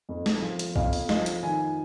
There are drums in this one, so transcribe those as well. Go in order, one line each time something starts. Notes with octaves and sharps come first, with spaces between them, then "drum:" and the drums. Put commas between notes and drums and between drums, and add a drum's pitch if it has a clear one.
F2
drum: snare
F3
drum: hi-hat
F2 F5, drum: kick
drum: open hi-hat
F3 D#5, drum: snare
drum: hi-hat
D#3 G#5